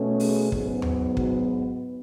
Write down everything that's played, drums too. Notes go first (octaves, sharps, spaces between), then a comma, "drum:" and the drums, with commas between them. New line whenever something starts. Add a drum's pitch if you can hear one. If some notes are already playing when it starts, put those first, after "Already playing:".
Already playing: B2 A3 C#4
G#4, drum: open hi-hat
G#2 F#3 B3, drum: kick
drum: tom D#2
F#4, drum: kick